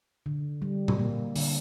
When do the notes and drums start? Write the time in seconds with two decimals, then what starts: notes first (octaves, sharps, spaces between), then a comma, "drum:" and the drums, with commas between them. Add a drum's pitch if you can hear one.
0.26 D3
0.62 G3
0.88 drum: tom A#2
0.99 A#3
1.36 D3, drum: open hi-hat